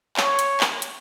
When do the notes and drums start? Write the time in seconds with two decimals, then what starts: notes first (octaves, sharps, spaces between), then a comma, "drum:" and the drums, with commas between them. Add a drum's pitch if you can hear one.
0.17 C#5, drum: clap
0.39 drum: hi-hat
0.60 drum: clap
0.82 drum: hi-hat